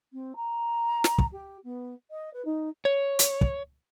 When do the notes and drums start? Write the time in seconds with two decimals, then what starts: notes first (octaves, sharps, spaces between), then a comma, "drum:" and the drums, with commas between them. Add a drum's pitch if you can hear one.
0.13 C4
0.36 A#5
1.04 drum: snare
1.18 drum: kick
1.32 G4
1.64 B3
2.11 D#5
2.33 B4
2.45 D#4
2.85 C#5
3.19 drum: hi-hat
3.41 drum: kick